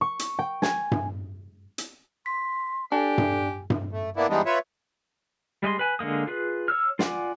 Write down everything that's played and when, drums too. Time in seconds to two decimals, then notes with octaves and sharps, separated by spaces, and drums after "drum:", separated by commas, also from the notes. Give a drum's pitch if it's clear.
0.01 C#6
0.19 drum: hi-hat
0.39 G5
0.62 G#5, drum: snare
0.91 drum: tom G2
1.78 drum: hi-hat
2.26 C6 B6
2.92 D4 G4 A4 G#5
3.18 drum: tom G2
3.70 drum: tom G2
3.92 A3
4.16 A#3 B3 D4 E4
4.30 E3 G3 G#3 B3 D4 D#4
4.46 F4 B4 C#5 E5
5.62 G3 G#3 D#5 C6
5.79 B4 G#5
5.99 D3 G#3 A#3 D#6
6.27 F4 G#4 B4
6.68 C#5 E6 F6
6.99 F4 D5 F#5 G#5 D6, drum: snare